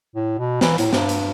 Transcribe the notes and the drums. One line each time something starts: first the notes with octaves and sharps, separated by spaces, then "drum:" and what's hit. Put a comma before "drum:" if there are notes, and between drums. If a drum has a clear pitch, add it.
A2
B2
E3, drum: snare
A2, drum: hi-hat
G2, drum: snare
drum: hi-hat